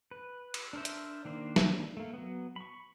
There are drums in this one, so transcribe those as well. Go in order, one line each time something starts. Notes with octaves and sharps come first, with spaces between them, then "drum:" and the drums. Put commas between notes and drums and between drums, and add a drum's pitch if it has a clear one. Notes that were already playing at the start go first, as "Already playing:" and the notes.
B4
drum: cymbal
D4 A#4 C5 E5
drum: hi-hat
D#3 A#3 D4 C5
drum: snare
A3 A#3
F#3 B3
B5 C#6